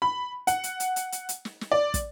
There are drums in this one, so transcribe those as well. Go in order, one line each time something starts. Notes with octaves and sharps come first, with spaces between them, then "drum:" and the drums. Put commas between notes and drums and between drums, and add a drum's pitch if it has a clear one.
B5
F#5, drum: hi-hat
drum: hi-hat
drum: hi-hat
drum: hi-hat
drum: hi-hat
drum: hi-hat
drum: snare
drum: snare
D5
drum: kick, hi-hat